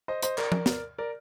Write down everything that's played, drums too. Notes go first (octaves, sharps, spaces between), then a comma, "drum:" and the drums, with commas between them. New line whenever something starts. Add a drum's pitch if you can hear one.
C5 D#5
C5 D#5, drum: hi-hat
A#4 D5, drum: clap
drum: tom F3
drum: snare
A#4 D5